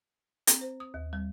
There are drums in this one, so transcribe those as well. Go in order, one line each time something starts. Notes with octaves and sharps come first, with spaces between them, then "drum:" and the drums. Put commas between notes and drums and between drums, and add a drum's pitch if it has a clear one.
C4, drum: hi-hat
C5
D#6
D#2
G3